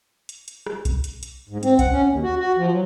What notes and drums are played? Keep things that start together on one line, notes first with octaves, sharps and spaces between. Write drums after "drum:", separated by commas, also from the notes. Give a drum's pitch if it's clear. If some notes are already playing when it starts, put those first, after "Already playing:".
drum: hi-hat
drum: hi-hat
drum: rim click
drum: kick B1, hi-hat
drum: hi-hat
drum: hi-hat
G#2
C4, drum: hi-hat
F#5, drum: kick B1, hi-hat
C#4
D#2
F#4
F#4
F3
F#3